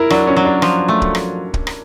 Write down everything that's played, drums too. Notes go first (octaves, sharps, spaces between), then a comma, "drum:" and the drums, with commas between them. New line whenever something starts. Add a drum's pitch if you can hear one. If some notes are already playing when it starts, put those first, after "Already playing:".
Already playing: E4 A#4
F#3 D4, drum: rim click
C#4
F#3
D4
F3, drum: rim click
A3
drum: kick
drum: rim click
drum: kick
drum: rim click